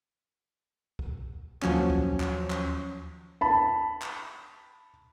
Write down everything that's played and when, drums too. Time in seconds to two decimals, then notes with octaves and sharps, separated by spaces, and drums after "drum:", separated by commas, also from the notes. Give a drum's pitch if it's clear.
0.99 drum: kick
1.62 D#2 F3 F#3 C#4, drum: clap
1.90 drum: kick
2.20 drum: clap
2.50 drum: clap
3.41 A5 B5
4.02 drum: clap